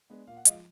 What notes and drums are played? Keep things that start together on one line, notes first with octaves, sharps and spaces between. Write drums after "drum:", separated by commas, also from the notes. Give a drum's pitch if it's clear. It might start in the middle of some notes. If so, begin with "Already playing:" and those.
G#3 B3 D4
A#2 F5
F#5
F3 G#3 D#5 F5, drum: hi-hat